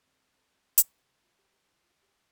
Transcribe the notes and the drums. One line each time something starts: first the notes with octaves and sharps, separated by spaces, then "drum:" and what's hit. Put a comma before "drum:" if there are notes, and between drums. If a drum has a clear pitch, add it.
C2 C3 G3 C5
A4
drum: hi-hat
F4
G4
G4
E4
F4
G4